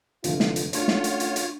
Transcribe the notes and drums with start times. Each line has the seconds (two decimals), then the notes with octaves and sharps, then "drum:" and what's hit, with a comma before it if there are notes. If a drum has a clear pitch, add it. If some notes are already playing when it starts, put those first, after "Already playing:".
0.24 F1 D3 A3 F4, drum: hi-hat
0.40 drum: snare
0.56 drum: hi-hat
0.73 A3 C#4 D4 F4 F#4 C#5, drum: hi-hat
0.88 drum: snare
1.04 drum: hi-hat
1.20 drum: hi-hat
1.36 drum: hi-hat